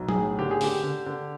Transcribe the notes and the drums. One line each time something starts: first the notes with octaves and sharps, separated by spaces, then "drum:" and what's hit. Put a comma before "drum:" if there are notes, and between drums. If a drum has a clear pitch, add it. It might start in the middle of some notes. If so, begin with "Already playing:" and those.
Already playing: B1
G#4, drum: tom F#3
A2
D3 G4
G#4
D3 G4, drum: open hi-hat
D3
D3